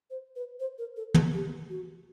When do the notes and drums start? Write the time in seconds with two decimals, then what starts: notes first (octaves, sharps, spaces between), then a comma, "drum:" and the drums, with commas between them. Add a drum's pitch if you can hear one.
0.10 C5
0.36 B4
0.60 C5
0.78 A#4
0.97 A4
1.14 G#4, drum: tom
1.34 G4
1.69 F#4